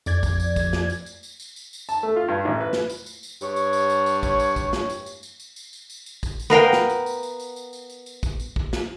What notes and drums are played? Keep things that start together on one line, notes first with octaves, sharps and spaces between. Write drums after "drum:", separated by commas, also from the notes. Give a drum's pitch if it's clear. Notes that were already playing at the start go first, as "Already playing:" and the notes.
F2 D5 G#6, drum: tambourine
drum: kick, tambourine
drum: tambourine
drum: kick, tambourine
drum: snare
drum: tambourine
drum: tambourine
drum: tambourine
drum: tambourine
drum: tambourine
drum: tambourine
A5, drum: tambourine
A3
F4
G2
A1
B4
drum: snare
drum: tambourine
drum: tambourine
drum: tambourine
G2 C#5, drum: tambourine
drum: tambourine
drum: tambourine
drum: tambourine
drum: tambourine
drum: kick, tambourine
drum: tambourine
drum: kick, tambourine
drum: snare
drum: tambourine
drum: tambourine
drum: tambourine
drum: tambourine
drum: tambourine
drum: tambourine
drum: tambourine
drum: tambourine
drum: kick, tambourine
drum: tambourine
B3 A#4 F5 G5
drum: snare
drum: tambourine
drum: tambourine
drum: tambourine
drum: tambourine
drum: tambourine
drum: tambourine
drum: tambourine
drum: tambourine
drum: kick, tambourine
drum: tambourine
drum: kick
drum: snare